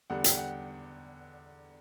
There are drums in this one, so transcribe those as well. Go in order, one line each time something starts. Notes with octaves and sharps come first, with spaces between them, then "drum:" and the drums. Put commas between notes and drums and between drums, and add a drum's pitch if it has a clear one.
E2 D3 G3 F#5
G5, drum: hi-hat
F#5